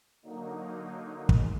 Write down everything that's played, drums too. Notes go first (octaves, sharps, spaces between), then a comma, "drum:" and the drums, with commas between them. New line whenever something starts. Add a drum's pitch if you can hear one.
D3 F#3 A#3 D#4
G#3, drum: kick